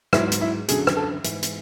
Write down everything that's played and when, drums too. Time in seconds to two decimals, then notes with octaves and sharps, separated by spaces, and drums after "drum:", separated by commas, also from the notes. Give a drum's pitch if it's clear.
0.13 G#2 F#3 E4, drum: rim click
0.32 drum: hi-hat
0.41 E4
0.68 F#2 D3 F#3 G#4, drum: hi-hat
0.87 drum: rim click
0.97 A4
1.24 G#2 E3, drum: hi-hat
1.43 drum: hi-hat